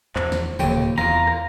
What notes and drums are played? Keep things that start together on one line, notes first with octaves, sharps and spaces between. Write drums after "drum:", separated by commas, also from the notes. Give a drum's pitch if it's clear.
E2 C5, drum: clap
drum: snare
D#1 D#2 C#3 C#5 G5, drum: tom
E2 E3 F4 A#5
drum: rim click